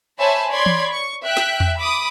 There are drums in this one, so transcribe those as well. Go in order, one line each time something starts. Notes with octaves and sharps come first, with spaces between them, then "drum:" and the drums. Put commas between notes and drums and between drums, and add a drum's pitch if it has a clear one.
C5 C#5 E5 G#5 A5 B5
C#5 D5 B5 C6 G#6
drum: tom E3
C#6
E5 G5 F#6 B6
drum: snare
drum: tom E2
B5 D6 D#6